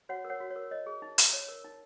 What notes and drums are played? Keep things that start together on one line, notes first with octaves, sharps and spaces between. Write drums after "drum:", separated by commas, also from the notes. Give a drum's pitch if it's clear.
F#4 C#5 F#5
A#4
C#5 F#5
F#4
C#5
A#4
C#5 D#5
G#4
D#4
D#4, drum: hi-hat
C#5
A#4
D#4